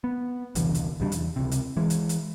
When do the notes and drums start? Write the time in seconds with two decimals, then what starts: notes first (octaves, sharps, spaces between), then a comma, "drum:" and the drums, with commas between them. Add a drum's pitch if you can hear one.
0.04 B3
0.55 E1 C2 D3 E3, drum: hi-hat
0.74 drum: hi-hat
1.00 C#2 B2 G3 D4
1.12 E2, drum: hi-hat
1.36 C#2 C3
1.51 drum: hi-hat
1.77 E3 G#3
1.90 drum: hi-hat
2.09 drum: hi-hat